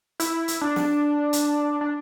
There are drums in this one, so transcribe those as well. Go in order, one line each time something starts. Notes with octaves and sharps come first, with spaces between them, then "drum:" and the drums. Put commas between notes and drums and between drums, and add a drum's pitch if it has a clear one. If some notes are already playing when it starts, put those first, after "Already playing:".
E4, drum: hi-hat
drum: hi-hat
D4
drum: snare
drum: hi-hat
D4